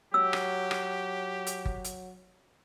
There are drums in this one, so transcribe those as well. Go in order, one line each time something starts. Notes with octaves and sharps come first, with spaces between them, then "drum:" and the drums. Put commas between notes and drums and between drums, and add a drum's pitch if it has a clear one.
F#3 G4 E6
drum: rim click
drum: rim click
drum: hi-hat
drum: kick G1
drum: hi-hat